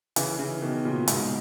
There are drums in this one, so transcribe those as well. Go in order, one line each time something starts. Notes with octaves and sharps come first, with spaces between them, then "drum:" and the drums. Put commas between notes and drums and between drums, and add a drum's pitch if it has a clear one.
C#3 E3, drum: hi-hat
C#3 E3
B2 D#3
A#2 C#3
G#2 B2, drum: hi-hat